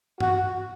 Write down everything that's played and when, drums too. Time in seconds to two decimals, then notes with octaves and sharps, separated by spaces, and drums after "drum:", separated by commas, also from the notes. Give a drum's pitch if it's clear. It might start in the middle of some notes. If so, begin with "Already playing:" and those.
0.20 F#4, drum: tom G2